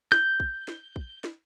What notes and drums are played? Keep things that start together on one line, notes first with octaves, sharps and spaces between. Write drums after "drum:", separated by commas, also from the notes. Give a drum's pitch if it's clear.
G6, drum: snare
drum: kick
drum: snare
drum: kick
drum: snare